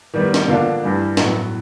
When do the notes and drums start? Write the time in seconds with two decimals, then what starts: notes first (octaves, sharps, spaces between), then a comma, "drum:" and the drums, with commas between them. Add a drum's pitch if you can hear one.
0.14 D#3 G3 B3
0.34 drum: snare
0.48 D3 F3 A#3 D4
0.83 G2 E3 G3
1.17 A2 F#3 B3, drum: snare